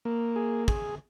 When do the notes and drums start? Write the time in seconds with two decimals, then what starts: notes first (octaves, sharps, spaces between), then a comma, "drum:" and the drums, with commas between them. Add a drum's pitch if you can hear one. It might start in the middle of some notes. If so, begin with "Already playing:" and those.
0.05 A#3
0.36 G#4
0.68 G#4, drum: kick